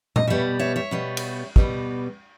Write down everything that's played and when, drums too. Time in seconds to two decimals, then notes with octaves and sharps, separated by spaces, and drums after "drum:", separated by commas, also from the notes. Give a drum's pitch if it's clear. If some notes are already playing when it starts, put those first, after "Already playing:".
0.16 D#5, drum: tom A#2
0.27 B2 G3 B3 C#5 E5
0.59 C#5 E5
0.76 C#5 E5
0.91 B2 G3 B3
1.17 drum: cymbal
1.56 B2 G3 B3, drum: kick